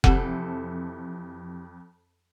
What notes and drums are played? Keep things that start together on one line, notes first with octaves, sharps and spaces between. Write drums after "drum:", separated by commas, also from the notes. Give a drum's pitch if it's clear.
F2 C3 E3 G4 A4 F#5, drum: kick F1